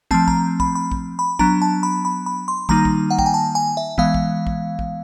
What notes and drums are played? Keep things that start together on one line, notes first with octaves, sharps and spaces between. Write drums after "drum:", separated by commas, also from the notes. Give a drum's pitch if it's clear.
F3 A3 C4 A5, drum: kick
A#5, drum: kick
B5, drum: kick
B5
drum: kick
B5
F#3 B3 D4 A#5, drum: kick
A5
B5
B5
B5
C6
D#3 G3 A#3 D#4 A#5, drum: kick
drum: kick
F#5
G5, drum: kick
G#5
A5
G#5
E5
E3 G#3 B3 F5, drum: kick
drum: kick
drum: kick
drum: kick